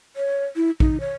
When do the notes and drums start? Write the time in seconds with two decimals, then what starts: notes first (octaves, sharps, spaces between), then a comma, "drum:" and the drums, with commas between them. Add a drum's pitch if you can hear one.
0.16 C#5
0.56 E4
0.80 D#4, drum: kick A#1
1.00 C#5